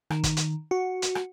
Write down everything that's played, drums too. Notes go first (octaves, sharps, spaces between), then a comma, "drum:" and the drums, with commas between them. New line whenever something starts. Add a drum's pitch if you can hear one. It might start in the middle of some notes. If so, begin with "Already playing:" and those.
D#3, drum: rim click
drum: kick, hi-hat
drum: hi-hat
F#4
drum: hi-hat
drum: rim click